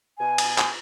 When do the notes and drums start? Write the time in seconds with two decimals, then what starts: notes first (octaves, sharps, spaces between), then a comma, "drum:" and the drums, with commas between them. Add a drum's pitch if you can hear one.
0.19 B2 G#5
0.38 drum: cymbal
0.58 drum: clap